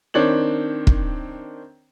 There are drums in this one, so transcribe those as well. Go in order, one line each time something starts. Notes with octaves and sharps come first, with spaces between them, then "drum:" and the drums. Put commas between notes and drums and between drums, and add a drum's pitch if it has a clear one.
D#3 C4 D4 C#5 F#7
drum: kick